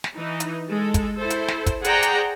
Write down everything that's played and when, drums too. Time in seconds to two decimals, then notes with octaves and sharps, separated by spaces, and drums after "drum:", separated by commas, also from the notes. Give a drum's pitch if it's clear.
0.04 drum: snare
0.16 E3 D#4
0.40 drum: hi-hat
0.70 G#3 A4
0.94 drum: kick, hi-hat
1.17 E4 A4 C5
1.30 drum: hi-hat
1.48 drum: snare
1.66 drum: kick, hi-hat
1.84 G#4 C5 D5 F#5 G5 A#5, drum: hi-hat
2.03 drum: hi-hat